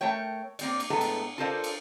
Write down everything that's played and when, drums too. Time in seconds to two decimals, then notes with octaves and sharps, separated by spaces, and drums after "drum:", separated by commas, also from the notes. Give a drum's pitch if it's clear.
0.01 A3 A#4 C#5 G5
0.59 A#3 C4 D5, drum: cymbal
0.80 drum: cymbal
0.90 A2 G#3 B3 A4 A#5
1.01 drum: cymbal
1.38 F4 A4 A#4 C5 D5 F5
1.64 drum: cymbal